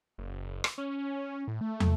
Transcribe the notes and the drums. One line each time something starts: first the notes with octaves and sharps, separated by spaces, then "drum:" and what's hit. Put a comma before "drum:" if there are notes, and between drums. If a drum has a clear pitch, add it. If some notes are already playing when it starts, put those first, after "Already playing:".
F#1
drum: rim click
C#4
A2
A3
drum: tom